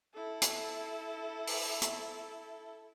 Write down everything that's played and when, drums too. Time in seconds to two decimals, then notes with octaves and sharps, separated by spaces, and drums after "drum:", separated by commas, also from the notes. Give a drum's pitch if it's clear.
0.14 E4 A4
0.42 drum: hi-hat
1.47 drum: open hi-hat
1.82 drum: hi-hat